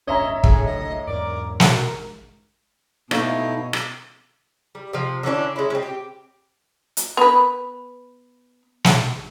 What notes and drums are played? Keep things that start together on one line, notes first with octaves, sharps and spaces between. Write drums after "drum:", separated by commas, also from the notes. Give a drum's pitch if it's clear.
D1 G1 C#4 C#5 D#5 E5 A#5
F#1 C2 A2 D3 G#4, drum: kick
D#5
E2 G#2 A#4 D5
F#4 A#4, drum: snare
B2 A3 D#4 E4 A4 C#5 F5 C#6, drum: rim click
drum: rim click
G3
C3 F3
D3 E3 C#4 D4
G#3 C#4 E4
C4 C#4
G4
drum: hi-hat
B3 B4
drum: snare